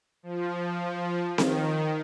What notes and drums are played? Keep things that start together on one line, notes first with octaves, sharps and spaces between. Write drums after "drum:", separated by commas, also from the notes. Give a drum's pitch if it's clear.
F3
D#3, drum: snare C4